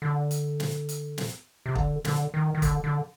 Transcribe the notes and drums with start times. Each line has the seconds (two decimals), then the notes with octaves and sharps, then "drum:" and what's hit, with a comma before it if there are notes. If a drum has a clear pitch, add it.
0.02 D3
0.31 drum: hi-hat
0.60 drum: snare
0.89 drum: hi-hat
1.18 drum: snare
1.66 C3
1.75 D3, drum: kick
2.05 D3, drum: snare
2.34 D#3
2.55 D#3
2.62 D3, drum: kick, hi-hat
2.84 D3